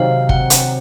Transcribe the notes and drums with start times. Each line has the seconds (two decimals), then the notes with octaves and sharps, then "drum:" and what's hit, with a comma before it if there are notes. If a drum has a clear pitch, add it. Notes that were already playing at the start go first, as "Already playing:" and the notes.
Already playing: C3 D#3 F#3 C4 D#4 F5
0.29 F#5, drum: kick
0.50 drum: hi-hat